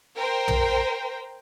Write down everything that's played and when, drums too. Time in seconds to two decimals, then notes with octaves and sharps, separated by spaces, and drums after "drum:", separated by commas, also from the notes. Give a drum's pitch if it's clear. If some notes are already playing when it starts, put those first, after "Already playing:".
0.16 A#4 C5 G5
0.48 drum: tom